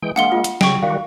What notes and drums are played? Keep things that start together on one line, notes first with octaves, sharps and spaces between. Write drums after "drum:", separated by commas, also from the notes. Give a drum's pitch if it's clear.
E3 G#3 G5
G#3 A#3 D4 F5 F#5 C6 C#7 G7
F4
drum: hi-hat
C#3 G5 C#6, drum: snare
D#3 G3 F#4 F5